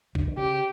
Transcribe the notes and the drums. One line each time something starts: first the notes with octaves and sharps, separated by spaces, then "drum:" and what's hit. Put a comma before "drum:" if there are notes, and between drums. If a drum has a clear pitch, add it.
D3, drum: kick B1
D3
C#3 G4